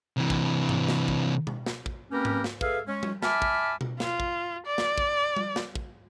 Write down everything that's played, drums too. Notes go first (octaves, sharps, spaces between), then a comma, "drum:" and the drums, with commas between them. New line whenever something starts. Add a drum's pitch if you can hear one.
C3 E3
drum: kick
drum: tom G#2
drum: snare
drum: kick
drum: tom B2
drum: snare
drum: kick
A#3 C4 C#4 G4 A#4 B4
drum: tom G#2
drum: snare
G#4 A4 B4 E5 F5, drum: kick
G#3 C#4
drum: tom G3
E5 G#5 A5 B5 D6 F6, drum: snare
drum: kick
drum: tom B2
F4, drum: snare
drum: kick
D5
drum: snare
drum: kick
drum: tom G3
drum: snare
drum: kick